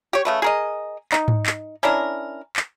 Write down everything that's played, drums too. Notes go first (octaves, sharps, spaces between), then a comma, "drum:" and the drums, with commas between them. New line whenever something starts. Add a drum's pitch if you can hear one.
G4 C#5
C#3 A3 B4
G#4 A#4 D#5
D#4, drum: clap
drum: tom G#2
drum: clap
C#4 D4 E4 A#4
drum: clap